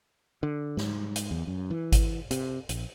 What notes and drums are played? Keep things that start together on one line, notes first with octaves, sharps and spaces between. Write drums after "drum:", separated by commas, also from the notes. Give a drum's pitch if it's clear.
D3
G#2, drum: snare
drum: hi-hat
E2
F#2
E3
drum: kick G#1, hi-hat
C3, drum: hi-hat
A#1, drum: hi-hat